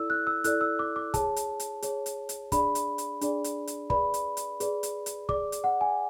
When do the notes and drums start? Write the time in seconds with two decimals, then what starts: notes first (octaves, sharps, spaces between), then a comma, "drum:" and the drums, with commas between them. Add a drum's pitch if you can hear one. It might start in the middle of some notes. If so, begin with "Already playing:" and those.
Already playing: E4 A4 D5 E6
0.10 F#6
0.27 E6
0.44 E4 A4 D5 F#6, drum: hi-hat
0.61 E6
0.79 D6
0.96 D6
1.14 G#4 C#5 A5, drum: kick, hi-hat
1.36 drum: hi-hat
1.60 drum: hi-hat
1.82 G#4 C#5, drum: hi-hat
2.06 drum: hi-hat
2.29 drum: hi-hat
2.52 D4 G#4 D5 B5, drum: kick, hi-hat
2.75 drum: hi-hat
2.98 drum: hi-hat
3.21 D4 G#4 D5, drum: hi-hat
3.44 drum: hi-hat
3.67 drum: hi-hat
3.90 G#4 B4 D5 B5, drum: kick
4.14 drum: hi-hat
4.37 drum: hi-hat
4.60 G#4 B4 D5, drum: hi-hat
4.83 drum: hi-hat
5.06 drum: hi-hat
5.29 G#4 D5 D6, drum: kick
5.52 drum: hi-hat
5.64 F#5
5.81 G#5